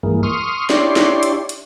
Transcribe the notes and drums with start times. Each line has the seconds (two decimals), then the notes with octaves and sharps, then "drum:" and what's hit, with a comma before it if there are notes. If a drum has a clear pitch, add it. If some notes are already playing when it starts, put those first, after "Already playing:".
0.03 G2 E3 G#3 A#3
0.23 C6 C#6 D#6 F6
0.70 D4 E4 G4 C#5 D5 C6, drum: snare
0.96 drum: snare
1.23 drum: hi-hat
1.49 drum: hi-hat